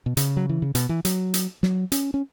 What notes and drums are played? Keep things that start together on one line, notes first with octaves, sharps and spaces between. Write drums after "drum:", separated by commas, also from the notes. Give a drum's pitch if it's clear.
B2
C#3, drum: hi-hat
F#3
E3
C#3
B2, drum: hi-hat
E3
F#3, drum: hi-hat
drum: hi-hat
F#3, drum: snare
C#4, drum: hi-hat
C#4